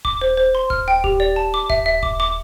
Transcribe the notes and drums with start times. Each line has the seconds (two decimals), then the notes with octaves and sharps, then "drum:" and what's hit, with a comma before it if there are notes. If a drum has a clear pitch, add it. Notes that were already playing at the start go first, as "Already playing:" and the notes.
0.05 D6, drum: kick D#1
0.21 C5
0.37 C5
0.55 C6
0.70 F6, drum: kick D#1
0.88 G5
1.04 G4, drum: kick D#1
1.20 D5
1.36 A5
1.54 D6
1.70 E5, drum: kick D#1
1.86 E5
2.03 D6, drum: kick D#1
2.20 D6